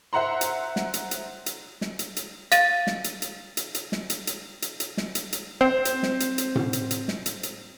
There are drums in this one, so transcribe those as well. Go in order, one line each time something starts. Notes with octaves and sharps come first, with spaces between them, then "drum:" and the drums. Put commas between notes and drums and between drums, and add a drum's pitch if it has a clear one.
C5 E5 F#5 A#5 C6
drum: hi-hat
drum: snare
drum: hi-hat
drum: hi-hat
drum: hi-hat
drum: snare
drum: hi-hat
drum: hi-hat
F5 A6 D#7, drum: hi-hat
drum: snare
drum: hi-hat
drum: hi-hat
drum: hi-hat
drum: hi-hat
drum: snare
drum: hi-hat
drum: hi-hat
drum: hi-hat
drum: hi-hat
drum: snare
drum: hi-hat
drum: hi-hat
C4 C5
drum: hi-hat
drum: snare
drum: hi-hat
drum: hi-hat
drum: tom A2
drum: hi-hat
drum: hi-hat
drum: snare
drum: hi-hat
drum: hi-hat